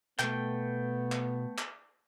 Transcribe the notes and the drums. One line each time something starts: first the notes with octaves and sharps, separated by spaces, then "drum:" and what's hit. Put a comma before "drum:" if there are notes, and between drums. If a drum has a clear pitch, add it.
B2 A3 B3 G5, drum: clap
drum: clap
drum: clap